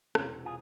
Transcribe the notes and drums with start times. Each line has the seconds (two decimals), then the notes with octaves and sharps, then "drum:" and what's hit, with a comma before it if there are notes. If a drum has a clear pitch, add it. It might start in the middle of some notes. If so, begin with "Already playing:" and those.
0.15 E1 E2 C3 C#4 F4, drum: rim click
0.45 F4 G#4